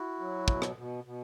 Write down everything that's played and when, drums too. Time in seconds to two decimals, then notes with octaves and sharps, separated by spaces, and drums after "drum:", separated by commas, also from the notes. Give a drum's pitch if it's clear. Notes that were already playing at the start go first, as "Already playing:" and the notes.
Already playing: E4 F#4
0.20 F#3
0.48 B2, drum: kick
0.62 drum: rim click
0.76 B2
1.04 B2